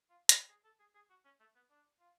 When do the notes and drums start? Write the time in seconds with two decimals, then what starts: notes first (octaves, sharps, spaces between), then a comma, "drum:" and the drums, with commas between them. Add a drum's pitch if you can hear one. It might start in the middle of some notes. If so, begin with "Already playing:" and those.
0.10 F4
0.29 A4, drum: hi-hat
0.49 G#4
0.64 A4
0.80 G#4
0.95 G#4
1.10 F#4
1.25 C#4
1.40 A3
1.55 B3
1.70 D4
2.00 F4